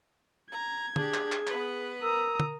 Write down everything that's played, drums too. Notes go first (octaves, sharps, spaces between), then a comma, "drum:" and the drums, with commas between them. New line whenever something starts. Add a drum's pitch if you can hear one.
A#5 G#6
D4 G4 G#4, drum: tom
drum: clap
drum: clap
B3 B4, drum: clap
A#4 A#5 D#6 E6
drum: tom